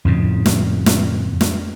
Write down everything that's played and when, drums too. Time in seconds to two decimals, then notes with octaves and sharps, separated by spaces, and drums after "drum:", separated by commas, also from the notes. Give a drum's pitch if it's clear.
0.05 F2 A2 C#3
0.46 drum: snare
0.86 drum: snare
1.41 drum: snare